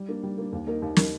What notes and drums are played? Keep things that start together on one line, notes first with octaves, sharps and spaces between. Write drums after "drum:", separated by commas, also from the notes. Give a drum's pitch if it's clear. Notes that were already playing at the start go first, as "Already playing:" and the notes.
Already playing: G3
A#3 D4
G3
A#3 D4
D#2
D#3 A#3 D#4 A#4
D#2
D#3 A#3 D#4 A#4, drum: snare